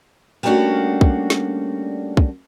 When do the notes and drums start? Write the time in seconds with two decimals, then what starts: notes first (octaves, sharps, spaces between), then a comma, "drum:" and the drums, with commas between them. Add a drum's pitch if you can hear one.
0.43 G3 A3 A#3 C#4 D4 F#4
1.01 drum: kick
1.30 drum: snare
2.17 drum: kick